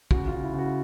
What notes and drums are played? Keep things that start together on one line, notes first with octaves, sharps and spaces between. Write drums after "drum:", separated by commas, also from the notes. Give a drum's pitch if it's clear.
C#3 F#4, drum: kick
C#3 F4
E4
C#3
F#4